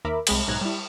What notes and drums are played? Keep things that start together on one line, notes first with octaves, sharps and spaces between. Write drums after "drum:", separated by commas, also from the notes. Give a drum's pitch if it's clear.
D#2 A#4 E5 B5 D6
C2 G#3 B5, drum: cymbal
B1 G#2 D#4 A#5 F#6 G#6
G3 E4